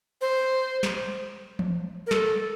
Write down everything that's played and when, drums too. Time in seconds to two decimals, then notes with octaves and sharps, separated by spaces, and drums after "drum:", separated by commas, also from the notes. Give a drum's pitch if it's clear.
0.21 C5
0.83 drum: snare
1.59 drum: tom E3
2.07 A#4
2.11 A4, drum: snare